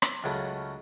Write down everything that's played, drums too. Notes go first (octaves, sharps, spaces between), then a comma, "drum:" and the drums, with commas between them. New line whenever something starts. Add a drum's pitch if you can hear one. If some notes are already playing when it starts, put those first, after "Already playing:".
drum: rim click
C#2 C#3 F#3 A3